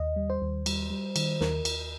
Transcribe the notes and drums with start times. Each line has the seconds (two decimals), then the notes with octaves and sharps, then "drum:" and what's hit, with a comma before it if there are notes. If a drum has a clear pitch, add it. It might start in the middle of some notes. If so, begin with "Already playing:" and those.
Already playing: D#2 D#5
0.16 G3
0.30 C5
0.42 D#2
0.66 G3, drum: cymbal
0.91 G3
1.16 D#3, drum: cymbal
1.41 D#2 A#4, drum: snare
1.65 D#2, drum: cymbal